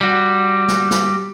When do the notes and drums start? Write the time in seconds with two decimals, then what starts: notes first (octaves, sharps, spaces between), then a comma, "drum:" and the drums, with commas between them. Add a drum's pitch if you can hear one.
0.01 G3 F#4
0.68 drum: snare
0.91 drum: snare